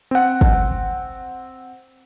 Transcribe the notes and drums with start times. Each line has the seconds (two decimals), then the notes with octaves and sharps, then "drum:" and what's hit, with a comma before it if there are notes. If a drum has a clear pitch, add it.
0.11 C4 F#5
0.41 drum: kick